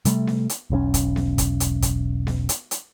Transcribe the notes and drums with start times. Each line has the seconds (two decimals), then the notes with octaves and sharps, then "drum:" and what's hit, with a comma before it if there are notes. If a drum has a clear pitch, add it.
0.05 C3 G3 A3, drum: hi-hat
0.27 drum: snare B3
0.49 drum: hi-hat
0.70 E1 B1 B2 C#4
0.94 drum: kick, hi-hat
1.16 drum: snare B3
1.38 drum: kick, hi-hat
1.60 drum: hi-hat
1.82 drum: kick, hi-hat
2.27 drum: snare B3
2.49 drum: hi-hat
2.71 drum: hi-hat